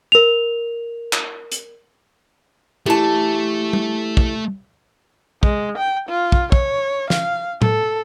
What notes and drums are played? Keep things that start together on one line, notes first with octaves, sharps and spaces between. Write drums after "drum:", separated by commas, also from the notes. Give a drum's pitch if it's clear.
A#4 F7
drum: clap
drum: hi-hat
E3 A3 G4 A5
drum: tom
drum: kick
G#3, drum: kick
G5
F4
drum: kick
C#5, drum: kick
F5, drum: snare
A4, drum: tom A2